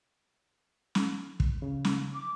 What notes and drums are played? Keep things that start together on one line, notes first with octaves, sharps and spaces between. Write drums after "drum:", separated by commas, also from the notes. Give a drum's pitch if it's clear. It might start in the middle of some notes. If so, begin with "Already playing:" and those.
drum: snare
drum: kick
C#3
drum: snare
D6